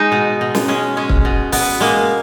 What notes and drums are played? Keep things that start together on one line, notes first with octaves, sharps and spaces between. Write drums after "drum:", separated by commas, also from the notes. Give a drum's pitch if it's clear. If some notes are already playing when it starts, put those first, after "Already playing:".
Already playing: G#3 D#4
B2
B2
drum: snare
G#3 C#4
G#3 C#4
drum: kick
B2
B2 B3, drum: open hi-hat
G#3 A#3